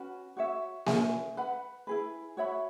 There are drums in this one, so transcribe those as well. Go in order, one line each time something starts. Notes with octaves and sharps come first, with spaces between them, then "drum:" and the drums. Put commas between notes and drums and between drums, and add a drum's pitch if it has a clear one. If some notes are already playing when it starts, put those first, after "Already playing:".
Already playing: C#4 F#4 B4
F#4 C#5 E5
C#4 G#4 E5 G#5, drum: snare A#3
B4 F#5 B5
E4 G#4 B4
F#4 C#5 E5 B5